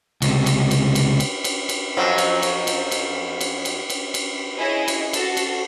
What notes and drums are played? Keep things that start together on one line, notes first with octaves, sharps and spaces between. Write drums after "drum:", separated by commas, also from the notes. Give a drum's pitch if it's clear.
C#2 C3, drum: cymbal
drum: cymbal
drum: cymbal
drum: cymbal
drum: cymbal
drum: cymbal
drum: cymbal
F2 F3 F#3
drum: cymbal
drum: cymbal
drum: cymbal
drum: cymbal
drum: cymbal
drum: cymbal
drum: cymbal
drum: cymbal
E4 G#4 C#5 D#5
drum: cymbal
F#4 A4, drum: cymbal
drum: cymbal